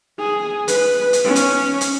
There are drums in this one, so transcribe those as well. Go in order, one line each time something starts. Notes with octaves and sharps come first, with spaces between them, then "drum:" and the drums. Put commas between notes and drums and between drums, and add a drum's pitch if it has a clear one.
G#4
B4, drum: hi-hat
drum: hi-hat
C#4
drum: hi-hat
drum: hi-hat